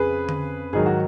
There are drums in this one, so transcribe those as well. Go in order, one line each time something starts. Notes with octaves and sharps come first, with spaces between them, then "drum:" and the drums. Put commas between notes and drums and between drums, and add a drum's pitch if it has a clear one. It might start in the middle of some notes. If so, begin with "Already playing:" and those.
Already playing: F2 C#3 G#4 B4
drum: tom D3
G#2 D#3 F#3 G#4
F#4